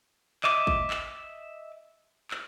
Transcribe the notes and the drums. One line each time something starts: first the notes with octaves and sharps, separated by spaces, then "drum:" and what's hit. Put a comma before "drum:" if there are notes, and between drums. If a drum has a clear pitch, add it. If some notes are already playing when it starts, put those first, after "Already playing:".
D#5 E5 D6, drum: clap
drum: kick
drum: clap
drum: clap